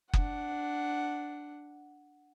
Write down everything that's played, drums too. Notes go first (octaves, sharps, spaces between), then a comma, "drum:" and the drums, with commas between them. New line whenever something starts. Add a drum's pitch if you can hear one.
D4 F#5, drum: kick F#1